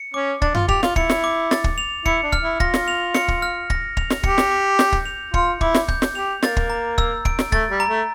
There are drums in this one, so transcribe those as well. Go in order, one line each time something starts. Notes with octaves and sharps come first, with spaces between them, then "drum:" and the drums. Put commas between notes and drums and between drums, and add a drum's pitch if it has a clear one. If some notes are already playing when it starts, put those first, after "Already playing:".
Already playing: C#7
C#4 D6
D4 A6, drum: kick
F4, drum: tom F#2
G4 F7, drum: kick
F4, drum: snare
E4 C#7, drum: kick
drum: snare
D6
A6, drum: snare
drum: kick
F7
E4 C#7, drum: kick
D4
F6, drum: kick
E4
F4 A#6, drum: kick
drum: snare
F7
C#7, drum: snare
drum: kick
F6
A#6, drum: kick
F7, drum: kick
drum: snare
G4 C#7, drum: kick
drum: snare
D6
G6, drum: snare
drum: kick
F7
F4 C#7, drum: kick
E4 D6, drum: kick
drum: snare
G6, drum: kick
drum: snare
G4 F7
A#3 A6, drum: snare
drum: kick
A#5
E6, drum: kick
D7, drum: kick
drum: snare
A3 A6, drum: kick
G3
A#5
A3